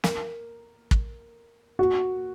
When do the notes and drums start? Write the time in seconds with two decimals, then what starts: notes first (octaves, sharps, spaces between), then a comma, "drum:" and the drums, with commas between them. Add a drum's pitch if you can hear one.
0.04 A#4, drum: snare
0.91 drum: kick
1.79 F#4